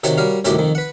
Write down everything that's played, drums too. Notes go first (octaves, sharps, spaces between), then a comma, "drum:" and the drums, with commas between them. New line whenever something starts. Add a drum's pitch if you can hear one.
C3 D#3 F#4 C#5, drum: hi-hat
G3 F#4 A#4 C#5 F5
C2 F#2 A2 D#3 F#4 G4, drum: hi-hat
F2 D#3
B4 F#5